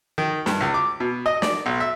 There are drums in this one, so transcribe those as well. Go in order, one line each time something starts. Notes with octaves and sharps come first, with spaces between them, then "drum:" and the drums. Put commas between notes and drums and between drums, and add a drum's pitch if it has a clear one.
D#3
G2, drum: snare
C#2
D6
B2
D#5
D5, drum: snare
B1
E5